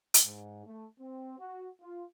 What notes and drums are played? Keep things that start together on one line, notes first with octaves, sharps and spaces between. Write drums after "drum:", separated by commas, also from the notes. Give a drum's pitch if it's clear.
drum: hi-hat
G#2
A3
C4
F#4
F4